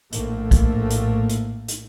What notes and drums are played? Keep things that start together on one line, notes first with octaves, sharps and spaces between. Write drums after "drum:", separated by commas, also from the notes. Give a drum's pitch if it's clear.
A#1 A2 A3 A#3, drum: hi-hat
drum: kick, hi-hat
drum: hi-hat
drum: hi-hat
drum: hi-hat